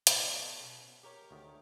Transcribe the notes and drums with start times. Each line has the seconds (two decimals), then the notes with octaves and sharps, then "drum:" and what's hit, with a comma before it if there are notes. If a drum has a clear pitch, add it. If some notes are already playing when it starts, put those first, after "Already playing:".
0.07 B1 A2 C3 G4 D5 D#5, drum: hi-hat
0.33 F#3 A3 B3
0.59 B2 C#4
1.03 G4 A#4 C#5
1.31 D2 D#3